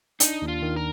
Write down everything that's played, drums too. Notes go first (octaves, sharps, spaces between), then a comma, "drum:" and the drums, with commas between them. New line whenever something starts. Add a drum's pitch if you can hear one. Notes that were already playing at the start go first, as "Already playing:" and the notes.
D4 D#4, drum: hi-hat
D#2
F4
D#3
A#4